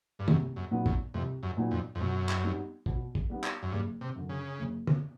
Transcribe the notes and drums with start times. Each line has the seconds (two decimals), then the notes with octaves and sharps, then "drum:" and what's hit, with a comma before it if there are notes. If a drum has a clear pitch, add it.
0.19 G2
0.28 C2 F#2, drum: tom
0.56 F#2
0.71 A#2 F#3 B3 D#4
0.86 F#2, drum: kick
1.14 C2 F2
1.43 F#2
1.57 A#2 F#3 B3 D#4
1.71 F2
1.95 F2
2.01 F#2 B2
2.29 drum: clap
2.43 G3 B3 D#4
2.86 B2, drum: kick
3.15 drum: kick
3.30 G3 B3 D#4
3.44 drum: clap
3.63 F#2
3.72 F#1 G2
4.01 C3
4.16 F#2 D3
4.29 C#3
4.59 F#1
4.87 drum: tom